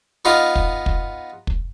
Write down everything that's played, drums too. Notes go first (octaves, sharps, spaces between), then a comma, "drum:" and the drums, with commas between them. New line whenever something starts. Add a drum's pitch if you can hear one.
B3 D#4 F4 D#5
drum: kick
drum: kick
drum: kick